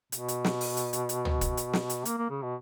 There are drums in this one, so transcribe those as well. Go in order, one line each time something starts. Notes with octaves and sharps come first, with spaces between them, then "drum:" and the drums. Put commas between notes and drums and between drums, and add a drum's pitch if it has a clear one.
B2, drum: hi-hat
drum: hi-hat
drum: snare
drum: open hi-hat
drum: hi-hat
drum: hi-hat
drum: hi-hat
drum: tom
drum: kick, hi-hat
drum: hi-hat
drum: snare
drum: hi-hat
A#3, drum: hi-hat
A#3
C#3
B2